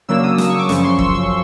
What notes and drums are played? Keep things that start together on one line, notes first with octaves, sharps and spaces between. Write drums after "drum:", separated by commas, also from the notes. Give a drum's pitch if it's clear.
C#3 F#3 A#3 D4 E6
D#6
D#6, drum: snare
C#6
D6
F#2 C#3 F3 C#6, drum: snare
C6
E6, drum: kick
E6